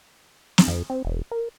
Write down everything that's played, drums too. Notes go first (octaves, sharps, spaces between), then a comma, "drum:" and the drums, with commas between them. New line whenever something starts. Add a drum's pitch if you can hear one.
drum: snare
F2
C4
E1
A#4